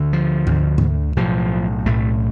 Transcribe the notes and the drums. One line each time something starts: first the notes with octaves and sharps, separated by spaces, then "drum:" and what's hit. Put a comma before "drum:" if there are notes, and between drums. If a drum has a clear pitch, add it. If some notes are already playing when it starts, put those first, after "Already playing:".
Already playing: D2 D3
F3
D2 D3, drum: tom G#2
drum: tom G#2
B1 A2 F3
B1 A2 A3